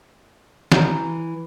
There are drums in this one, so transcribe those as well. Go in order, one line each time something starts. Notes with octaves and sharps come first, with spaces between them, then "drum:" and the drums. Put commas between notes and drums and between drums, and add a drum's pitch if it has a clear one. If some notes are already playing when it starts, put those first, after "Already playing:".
E3 A#5 B5 G6, drum: snare